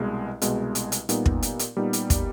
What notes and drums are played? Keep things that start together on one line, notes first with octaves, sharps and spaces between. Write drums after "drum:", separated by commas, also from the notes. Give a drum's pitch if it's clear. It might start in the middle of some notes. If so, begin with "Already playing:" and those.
Already playing: C2 B2 G#3
C2 B2 G#3, drum: hi-hat
drum: hi-hat
drum: hi-hat
A#2 G3 B3 D#4, drum: hi-hat
drum: kick
drum: hi-hat
drum: hi-hat
A#2 G3 B3 D#4
drum: hi-hat
drum: kick, hi-hat